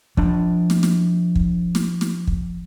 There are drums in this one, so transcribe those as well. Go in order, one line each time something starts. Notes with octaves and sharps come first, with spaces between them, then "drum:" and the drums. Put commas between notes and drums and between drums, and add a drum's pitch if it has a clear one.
F3 D4, drum: kick
drum: snare
drum: snare
drum: kick
drum: snare
drum: snare
drum: kick